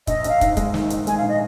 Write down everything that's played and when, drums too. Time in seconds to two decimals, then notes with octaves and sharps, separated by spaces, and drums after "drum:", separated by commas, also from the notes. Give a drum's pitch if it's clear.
0.07 A#1 D#5, drum: kick, hi-hat
0.24 A#1 F5, drum: hi-hat
0.41 G#2, drum: kick, hi-hat
0.57 G#3, drum: kick, hi-hat
0.74 D#3, drum: snare
0.90 G#2, drum: hi-hat
1.07 G#3 G#5, drum: hi-hat
1.18 A#1 F5
1.28 D#5